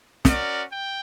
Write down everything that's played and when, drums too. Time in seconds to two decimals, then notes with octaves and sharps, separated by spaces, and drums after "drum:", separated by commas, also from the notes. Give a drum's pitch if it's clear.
0.25 C#4 F#4 A#4 D5, drum: snare
0.71 G5